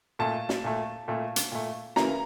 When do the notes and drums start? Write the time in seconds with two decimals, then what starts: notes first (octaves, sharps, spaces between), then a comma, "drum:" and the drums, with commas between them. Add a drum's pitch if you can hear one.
0.19 A#2 A3 A5
0.49 drum: snare
0.64 A#2 A3
1.08 A#2 A3
1.36 drum: hi-hat
1.52 A#2 A3
1.96 C#3 E3 A#3 A#5, drum: snare